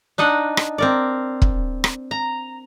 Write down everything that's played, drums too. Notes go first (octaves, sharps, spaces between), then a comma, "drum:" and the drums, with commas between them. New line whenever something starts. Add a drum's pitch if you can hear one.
D4 D#4 D#5 F#5
drum: rim click
C4 A#4 D5
drum: kick
drum: rim click
A#5